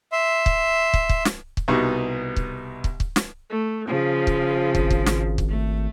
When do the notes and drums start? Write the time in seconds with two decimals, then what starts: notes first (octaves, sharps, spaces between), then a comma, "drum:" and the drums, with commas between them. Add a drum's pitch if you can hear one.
0.12 E5 C6
0.46 drum: kick
0.94 drum: kick
1.09 drum: kick
1.25 drum: snare
1.57 drum: kick
1.68 C2 B2 B3 D#4 G4 C#6
2.36 drum: kick
2.84 drum: kick
3.00 drum: kick
3.16 drum: snare
3.51 A3
3.87 C#3 F3
4.27 drum: kick
4.75 G#1, drum: kick
4.90 drum: kick
5.06 drum: snare
5.38 drum: kick
5.49 A3